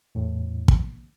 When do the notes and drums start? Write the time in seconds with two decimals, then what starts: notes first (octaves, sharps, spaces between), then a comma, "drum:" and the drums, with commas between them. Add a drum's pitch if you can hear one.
0.15 E2 A2
0.68 drum: kick